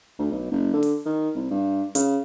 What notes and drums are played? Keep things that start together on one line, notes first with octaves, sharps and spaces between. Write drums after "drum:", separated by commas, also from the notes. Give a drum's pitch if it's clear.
D2
B1
F#1
D3
drum: open hi-hat
D#3
C2
G2
C#3, drum: hi-hat